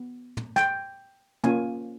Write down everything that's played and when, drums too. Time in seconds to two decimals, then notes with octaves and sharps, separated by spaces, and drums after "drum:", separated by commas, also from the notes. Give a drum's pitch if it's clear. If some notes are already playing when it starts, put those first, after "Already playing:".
Already playing: B3
0.37 drum: tom
0.56 G5, drum: snare
1.44 A#3 C#4 F4 G#5, drum: tom